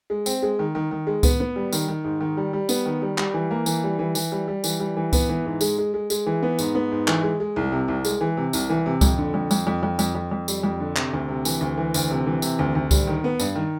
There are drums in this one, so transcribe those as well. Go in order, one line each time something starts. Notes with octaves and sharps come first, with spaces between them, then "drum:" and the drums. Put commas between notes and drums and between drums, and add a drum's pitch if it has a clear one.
G#3
C4, drum: tambourine
G#3
D#3
D#3
D#3
G#3
B3, drum: kick C#2, tambourine
B3
G3
D#3, drum: tambourine
D#3
G#2
D#3
G3
G3
B3, drum: tambourine
D#3
G3
G3, drum: clap
E3
A#3
E3, drum: tambourine
G3
E3
E3, drum: tambourine
G3
G3
E3, drum: tambourine
G3
E3
B3, drum: kick C#2, tambourine
E3
G#2
G#3, drum: tambourine
G#3
G#3
G#3, drum: tambourine
E3
B3
G#2, drum: tambourine
B3
G#2
E3, drum: clap
G#3
G#3
C2
C3
C2
G#3, drum: tambourine
E3
C3
C2, drum: tambourine
E3
C3
F2, drum: kick C#2, tambourine
D3
F2
F2, drum: tambourine
F2
F2
F2, drum: tambourine
F2
F2
G3, drum: tambourine
F2
D3
C3, drum: clap
D2
C3
E3, drum: tambourine
D2
E3
D2, drum: tambourine
C3
E3
C3, drum: tambourine
D2
D2
G3, drum: kick C#2, tambourine
D#3
B3
G2, drum: tambourine
D#3